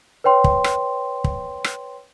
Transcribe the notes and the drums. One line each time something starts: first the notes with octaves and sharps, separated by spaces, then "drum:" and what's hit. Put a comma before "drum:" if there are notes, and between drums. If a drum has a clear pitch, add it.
B4 C#5 G5 C6
drum: kick
drum: rim click
drum: kick
drum: rim click